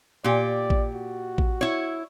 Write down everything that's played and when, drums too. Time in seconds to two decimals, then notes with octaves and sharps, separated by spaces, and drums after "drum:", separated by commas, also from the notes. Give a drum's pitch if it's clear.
0.24 A#2 G4 D5
0.70 drum: kick A1
0.95 F#4
1.38 drum: kick A1
1.61 E4 C#5